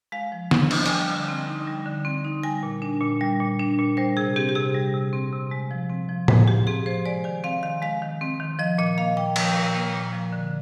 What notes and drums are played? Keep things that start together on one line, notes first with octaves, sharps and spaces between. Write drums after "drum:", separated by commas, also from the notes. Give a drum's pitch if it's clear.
G#3 F5
F3
D4, drum: snare
F3, drum: cymbal
G#5, drum: hi-hat
G3 G5
D3
C4
D#4
G3
D3
C4
D#4
G3 G#5
A#2
D4
A#2
G3
A#2
D4
A#2
G3 C5
C3 G#4
C4 G4
G4
C3 G#4
G3
C3
C4
C3
G#3
F3
C4
F3
G#3 G#4, drum: tom A2
F3 G4
C4 G#4
F3 C5
G#3 D5
D#3 G#5
C4 F5
D#3 F5
G#3 F5
D#3
C4
D#3
F3 D#5
A#2 D#5
A#3 F5
A#2 G5
F3 G5, drum: cymbal
A#2
A#3
A#2
F3
D3